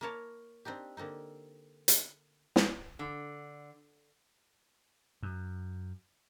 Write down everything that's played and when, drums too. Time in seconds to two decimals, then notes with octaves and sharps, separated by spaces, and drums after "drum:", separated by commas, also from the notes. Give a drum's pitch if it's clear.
0.01 A#3 E4 A#4 C#5 A5
0.65 C4 D4 D#4 G4
0.97 D3 A#3 C4 D#4
1.88 drum: hi-hat
2.56 drum: snare
2.99 D3
5.23 F#2